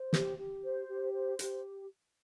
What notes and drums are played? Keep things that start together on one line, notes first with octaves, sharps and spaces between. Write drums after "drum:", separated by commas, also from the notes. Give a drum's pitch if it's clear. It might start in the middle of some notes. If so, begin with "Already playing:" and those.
Already playing: C5
G4, drum: snare
G4
C5
G4
C5
G4, drum: hi-hat